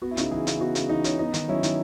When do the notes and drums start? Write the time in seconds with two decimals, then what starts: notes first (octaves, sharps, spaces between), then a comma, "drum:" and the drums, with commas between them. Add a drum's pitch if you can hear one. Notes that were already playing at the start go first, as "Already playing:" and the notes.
0.02 B3 F#4
0.11 E4
0.17 C#3 D#4 F#4, drum: hi-hat
0.31 E3 E4 G#4
0.47 C#3, drum: hi-hat
0.61 B3 D#4 F#4
0.75 C#3, drum: hi-hat
0.89 E3 D#4
1.04 C#3 C#4, drum: hi-hat
1.19 B3 D#4
1.34 D#3, drum: hi-hat
1.48 F#3 C#4 E4
1.63 D#3, drum: hi-hat